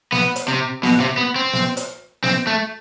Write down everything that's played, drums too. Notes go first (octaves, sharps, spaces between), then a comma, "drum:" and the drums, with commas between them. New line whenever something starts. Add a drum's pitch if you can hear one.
B3, drum: snare
drum: hi-hat
C3
B2, drum: snare
C3
B3
C4
drum: snare
drum: hi-hat
C4, drum: snare
A3